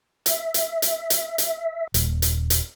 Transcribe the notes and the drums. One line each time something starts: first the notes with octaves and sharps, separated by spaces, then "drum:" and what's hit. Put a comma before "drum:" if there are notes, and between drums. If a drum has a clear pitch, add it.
E5, drum: hi-hat
drum: hi-hat
drum: hi-hat
drum: hi-hat
drum: hi-hat
D#1, drum: hi-hat
drum: hi-hat
drum: hi-hat